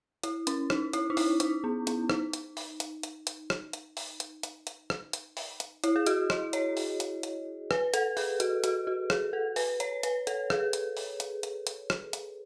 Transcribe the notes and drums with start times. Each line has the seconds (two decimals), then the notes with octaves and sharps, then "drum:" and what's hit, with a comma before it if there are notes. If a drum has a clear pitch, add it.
0.24 E4, drum: hi-hat
0.47 C#4, drum: hi-hat
0.70 D#4, drum: rim click
0.93 E4, drum: hi-hat
1.10 D#4
1.17 E4, drum: open hi-hat
1.40 D#4, drum: hi-hat
1.64 B3
1.87 B3, drum: hi-hat
2.10 D#4, drum: rim click
2.33 drum: hi-hat
2.57 drum: open hi-hat
2.80 drum: hi-hat
3.03 drum: hi-hat
3.27 drum: hi-hat
3.50 drum: rim click
3.73 drum: hi-hat
3.97 drum: open hi-hat
4.20 drum: hi-hat
4.43 drum: hi-hat
4.67 drum: hi-hat
4.90 drum: rim click
5.13 drum: hi-hat
5.37 drum: open hi-hat
5.60 drum: hi-hat
5.84 E4, drum: hi-hat
5.96 G#4
6.06 F#4, drum: hi-hat
6.30 D#5, drum: rim click
6.53 C#5, drum: hi-hat
6.77 drum: open hi-hat
7.00 drum: hi-hat
7.23 drum: hi-hat
7.71 B4, drum: rim click
7.94 A4, drum: hi-hat
8.17 G#4, drum: open hi-hat
8.40 F#4, drum: hi-hat
8.64 F#4, drum: hi-hat
8.87 F#4
9.10 G#4, drum: rim click
9.33 A4
9.56 B4, drum: open hi-hat
9.80 C#5, drum: hi-hat
10.03 B4, drum: hi-hat
10.27 A4, drum: hi-hat
10.50 G#4, drum: rim click
10.73 drum: hi-hat
10.97 drum: open hi-hat
11.20 drum: hi-hat
11.43 drum: hi-hat
11.67 drum: hi-hat
11.90 drum: rim click
12.13 drum: hi-hat